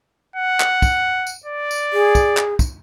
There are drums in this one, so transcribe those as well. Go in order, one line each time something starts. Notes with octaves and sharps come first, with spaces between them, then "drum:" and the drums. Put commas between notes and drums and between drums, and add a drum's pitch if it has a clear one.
F#5
drum: clap
drum: kick, tambourine
drum: tambourine
D5
drum: tambourine
G#4
drum: kick, tambourine
drum: clap
drum: kick, tambourine